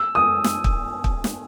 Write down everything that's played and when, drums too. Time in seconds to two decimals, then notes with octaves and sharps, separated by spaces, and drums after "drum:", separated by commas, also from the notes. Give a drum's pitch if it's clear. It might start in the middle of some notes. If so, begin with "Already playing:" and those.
Already playing: E6
0.15 D#6
0.44 drum: snare
0.64 drum: kick
1.04 drum: kick
1.24 drum: snare